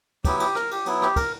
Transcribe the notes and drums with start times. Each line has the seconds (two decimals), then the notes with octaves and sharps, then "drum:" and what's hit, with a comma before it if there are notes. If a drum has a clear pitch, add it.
0.25 F#3 B3 E4 G4, drum: kick, cymbal
0.40 G4, drum: cymbal
0.55 A#4, drum: rim click
0.71 G4, drum: cymbal
0.86 F#3 B3 E4, drum: cymbal
1.02 G4, drum: rim click
1.16 A#4, drum: kick, cymbal